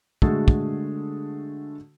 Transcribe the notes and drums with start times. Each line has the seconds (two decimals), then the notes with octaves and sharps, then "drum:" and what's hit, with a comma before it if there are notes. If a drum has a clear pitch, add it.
0.22 D3 G#3 A3 F#4 G#4 A4, drum: kick
0.48 drum: kick